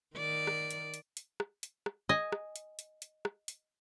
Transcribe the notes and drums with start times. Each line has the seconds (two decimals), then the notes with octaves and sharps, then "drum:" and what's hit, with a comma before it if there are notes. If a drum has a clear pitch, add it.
0.16 D#3 D5
0.47 drum: rim click
0.70 drum: hi-hat
0.94 drum: hi-hat
1.17 drum: hi-hat
1.40 drum: rim click
1.63 drum: hi-hat
1.86 drum: rim click
2.09 D#5 G#5
2.32 drum: rim click
2.56 drum: hi-hat
2.79 drum: hi-hat
3.02 drum: hi-hat
3.25 drum: rim click
3.48 drum: hi-hat